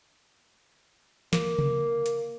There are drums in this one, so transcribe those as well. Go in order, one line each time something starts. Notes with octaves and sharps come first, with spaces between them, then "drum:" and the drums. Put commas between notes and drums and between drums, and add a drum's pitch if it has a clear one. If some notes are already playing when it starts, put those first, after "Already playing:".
A#3, drum: snare
drum: tom C3
drum: hi-hat